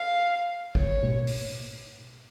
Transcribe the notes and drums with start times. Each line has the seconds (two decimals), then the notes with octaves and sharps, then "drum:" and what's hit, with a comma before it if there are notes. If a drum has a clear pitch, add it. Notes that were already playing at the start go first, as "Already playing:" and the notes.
Already playing: F5
0.75 C#5, drum: kick
1.03 drum: tom B2
1.27 drum: open hi-hat